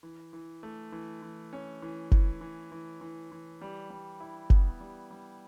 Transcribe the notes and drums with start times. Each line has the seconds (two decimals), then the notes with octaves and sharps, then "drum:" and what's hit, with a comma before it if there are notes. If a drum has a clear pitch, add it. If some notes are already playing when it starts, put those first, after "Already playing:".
0.03 E3
0.33 E3
0.63 A3
0.92 E3
1.22 E3
1.53 C#4
1.82 E3
2.11 E3, drum: kick F#1
2.41 E3
2.72 E3
3.01 E3
3.32 E3
3.62 G3
3.90 G3
4.20 E4
4.50 B3, drum: kick F#1
4.81 G3
5.11 G3